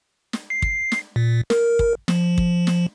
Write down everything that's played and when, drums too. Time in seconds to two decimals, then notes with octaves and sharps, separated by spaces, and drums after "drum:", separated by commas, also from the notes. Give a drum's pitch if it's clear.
0.33 drum: snare
0.50 C7
0.62 drum: kick
0.92 drum: snare
1.16 A#2
1.50 A#4, drum: snare
1.79 drum: kick
2.08 F3, drum: snare
2.38 drum: kick
2.67 drum: snare